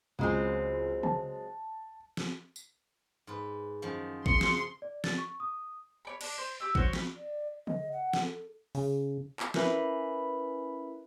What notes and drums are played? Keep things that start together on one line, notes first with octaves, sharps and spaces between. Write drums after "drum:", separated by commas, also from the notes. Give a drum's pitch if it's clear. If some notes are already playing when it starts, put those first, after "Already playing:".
C#2 F#3 G#3 C4
A5, drum: tom C#3
drum: snare
drum: tambourine
G#2 B4
F#2 D#3 F3
C#3 C6 C#7, drum: kick A1
drum: snare
D5
A6, drum: snare
C#6
D#6
C#5 D5 B5
D4 D5, drum: cymbal
C5
G4 E6
F#4 C5 C#5, drum: kick A1
B5, drum: snare
D5
D#5, drum: tom C#3
F#5
drum: snare
A4
C#3, drum: open hi-hat
drum: clap
C#4 E4 A#4 B4 E5 B5, drum: snare